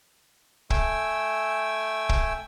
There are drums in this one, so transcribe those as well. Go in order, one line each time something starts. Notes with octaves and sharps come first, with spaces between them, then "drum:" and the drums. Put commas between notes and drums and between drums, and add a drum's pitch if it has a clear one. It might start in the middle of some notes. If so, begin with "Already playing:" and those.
A3 G5 G#5 E6, drum: kick
drum: kick